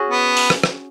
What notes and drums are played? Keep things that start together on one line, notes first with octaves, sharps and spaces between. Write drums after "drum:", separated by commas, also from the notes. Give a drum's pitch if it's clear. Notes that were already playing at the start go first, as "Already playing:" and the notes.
Already playing: C#4 F#4 G#4
B3
drum: open hi-hat
drum: rim click
drum: rim click